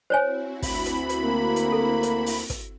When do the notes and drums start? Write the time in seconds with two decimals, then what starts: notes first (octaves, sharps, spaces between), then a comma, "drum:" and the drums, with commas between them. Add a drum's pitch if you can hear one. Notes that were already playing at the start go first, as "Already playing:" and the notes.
0.10 C4 E4 F#4 C5 C#5 G#5
0.62 D2 B5, drum: kick, open hi-hat
0.86 drum: hi-hat
1.09 drum: hi-hat
1.24 A#3
1.56 drum: hi-hat
1.72 A4
2.03 drum: hi-hat
2.26 drum: open hi-hat
2.50 drum: kick, hi-hat